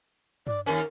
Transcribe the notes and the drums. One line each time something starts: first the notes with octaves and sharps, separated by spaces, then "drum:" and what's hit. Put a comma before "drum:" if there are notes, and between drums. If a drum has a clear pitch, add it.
D5, drum: tom G2
D#2 C#4 A#4